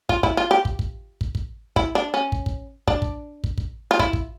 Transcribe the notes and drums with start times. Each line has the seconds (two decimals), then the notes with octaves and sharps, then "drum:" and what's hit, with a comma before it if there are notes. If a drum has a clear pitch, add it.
0.09 F4, drum: kick
0.23 E4, drum: kick
0.37 F4
0.51 G4
0.65 drum: kick
0.79 drum: kick
1.21 drum: kick
1.35 drum: kick
1.76 E4, drum: kick
1.95 D4
2.14 C#4
2.32 drum: kick
2.46 drum: kick
2.88 D4, drum: kick
3.02 drum: kick
3.44 drum: kick
3.58 drum: kick
3.91 F4
3.99 E4, drum: kick
4.13 drum: kick